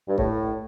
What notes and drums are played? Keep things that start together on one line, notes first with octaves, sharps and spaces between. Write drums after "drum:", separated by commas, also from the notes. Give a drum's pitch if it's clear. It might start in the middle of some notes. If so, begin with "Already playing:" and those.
G2
A2, drum: kick